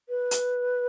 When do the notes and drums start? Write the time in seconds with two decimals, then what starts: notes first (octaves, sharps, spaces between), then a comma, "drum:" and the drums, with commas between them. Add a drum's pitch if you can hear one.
0.09 B4
0.31 drum: hi-hat